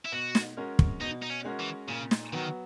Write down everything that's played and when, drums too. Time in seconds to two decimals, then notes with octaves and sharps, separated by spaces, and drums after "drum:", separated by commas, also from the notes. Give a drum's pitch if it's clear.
0.05 E4
0.12 B2 F#4
0.35 drum: snare
0.57 G#3 C#4 F#4 A#4
0.79 drum: kick
1.01 B2 D#4
1.23 D#4
1.30 C#4
1.45 G#3 C#4 F#4 A#4
1.60 E3
1.88 A#2 C#3
2.11 drum: snare
2.33 D#3 F#3 B3 F#4